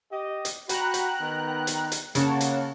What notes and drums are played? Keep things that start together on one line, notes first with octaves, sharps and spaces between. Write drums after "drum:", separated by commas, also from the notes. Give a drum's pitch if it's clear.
G4 D#5
drum: hi-hat
F#4 G5 A#5 B5 F#6, drum: hi-hat
drum: hi-hat
D#3 B3
drum: hi-hat
drum: hi-hat
C#3 A#3 C#5 F#5 A5, drum: hi-hat
drum: hi-hat